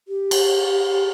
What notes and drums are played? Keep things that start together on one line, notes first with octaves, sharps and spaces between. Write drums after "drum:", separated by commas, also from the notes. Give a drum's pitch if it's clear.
G4
drum: cymbal